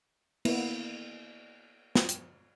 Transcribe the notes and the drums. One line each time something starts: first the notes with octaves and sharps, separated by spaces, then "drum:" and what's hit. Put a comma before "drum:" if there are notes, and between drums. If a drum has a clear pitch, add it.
A#3 B3 E4, drum: cymbal
drum: snare
drum: hi-hat